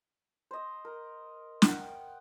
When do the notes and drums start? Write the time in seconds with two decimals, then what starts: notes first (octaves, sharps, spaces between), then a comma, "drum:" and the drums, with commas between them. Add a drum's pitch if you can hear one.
0.51 C5 D#5
0.85 A#4
1.62 F#5 G5, drum: snare